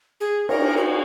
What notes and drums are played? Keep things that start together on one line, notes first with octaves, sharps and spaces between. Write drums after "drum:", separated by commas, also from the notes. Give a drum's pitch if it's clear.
G#4
A#4, drum: cymbal
F#4